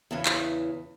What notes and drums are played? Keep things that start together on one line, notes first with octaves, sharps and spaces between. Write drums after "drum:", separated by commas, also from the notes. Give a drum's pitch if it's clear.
E2 C#3 E3 C#4
drum: clap